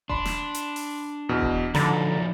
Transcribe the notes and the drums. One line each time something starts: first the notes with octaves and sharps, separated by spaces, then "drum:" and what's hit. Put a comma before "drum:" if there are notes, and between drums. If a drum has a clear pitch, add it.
D4 B5 C6, drum: kick E1
drum: snare
drum: hi-hat
drum: open hi-hat
E2 B2
drum: kick E1
D3 F3 F#3 D#4 A#5 B5 A6, drum: snare